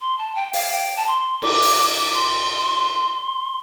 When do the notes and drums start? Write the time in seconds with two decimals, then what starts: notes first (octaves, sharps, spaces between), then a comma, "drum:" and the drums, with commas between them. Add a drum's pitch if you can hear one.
0.01 C6
0.18 A5
0.35 G5
0.53 F5, drum: open hi-hat
0.72 G5
0.96 A5
1.07 C6
1.42 D6, drum: cymbal
1.62 drum: open hi-hat
1.78 D6
2.14 C6